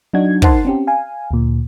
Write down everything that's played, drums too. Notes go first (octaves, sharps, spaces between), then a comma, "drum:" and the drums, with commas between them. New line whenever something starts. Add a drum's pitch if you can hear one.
F#3 D4 D#4 F#4 G#6
D#4 A#4 C5 F#5 A5 C6, drum: kick
C4 C#4 G4
F5 G#5
D2 A#2